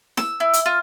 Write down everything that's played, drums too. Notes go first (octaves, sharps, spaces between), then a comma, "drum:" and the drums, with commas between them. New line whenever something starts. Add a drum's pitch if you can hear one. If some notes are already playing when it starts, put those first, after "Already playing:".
E6, drum: snare
E4
drum: hi-hat
F4